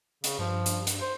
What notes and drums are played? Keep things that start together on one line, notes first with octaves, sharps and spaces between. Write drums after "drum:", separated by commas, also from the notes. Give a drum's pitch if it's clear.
C#3, drum: hi-hat
G2 F3
drum: hi-hat
drum: hi-hat
C5